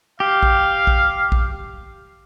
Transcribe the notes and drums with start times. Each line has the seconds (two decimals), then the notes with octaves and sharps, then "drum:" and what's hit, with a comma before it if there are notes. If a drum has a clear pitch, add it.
0.20 G4 F5
0.43 drum: kick
0.87 drum: kick
1.32 drum: kick